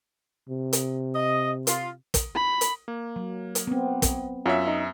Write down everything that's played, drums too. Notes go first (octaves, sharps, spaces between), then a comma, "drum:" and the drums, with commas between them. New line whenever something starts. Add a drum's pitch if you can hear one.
C3
drum: hi-hat
D#5
F4, drum: hi-hat
drum: kick, hi-hat
B5
drum: hi-hat
A#3
F#3
drum: hi-hat
B3 C4
drum: kick, hi-hat
F#2 F4 F#4 C#5 E5
D#4